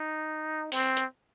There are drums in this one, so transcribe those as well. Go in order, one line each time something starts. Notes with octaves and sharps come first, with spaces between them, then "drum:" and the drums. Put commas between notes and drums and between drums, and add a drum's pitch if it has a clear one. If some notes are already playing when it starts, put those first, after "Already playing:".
Already playing: D#4
C4, drum: open hi-hat
drum: hi-hat